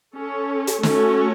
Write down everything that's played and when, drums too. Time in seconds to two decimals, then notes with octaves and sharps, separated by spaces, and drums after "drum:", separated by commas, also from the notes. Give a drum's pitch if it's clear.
0.15 C#4 A4 C#5
0.67 drum: hi-hat
0.83 A3 C#4 F#4 A4 C#5, drum: snare